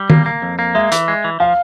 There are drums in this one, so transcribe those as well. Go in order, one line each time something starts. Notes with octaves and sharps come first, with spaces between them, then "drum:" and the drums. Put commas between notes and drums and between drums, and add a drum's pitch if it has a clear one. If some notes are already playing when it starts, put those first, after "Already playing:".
Already playing: G3
A#3, drum: tom D#3
A#3
F2
A#3
G#3 E5
E3, drum: hi-hat
G#3
E3
F3 F5